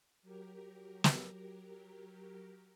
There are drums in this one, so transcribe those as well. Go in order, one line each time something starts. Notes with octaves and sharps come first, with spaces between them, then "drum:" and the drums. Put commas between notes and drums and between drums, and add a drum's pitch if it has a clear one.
F#3 G4 A#4
drum: snare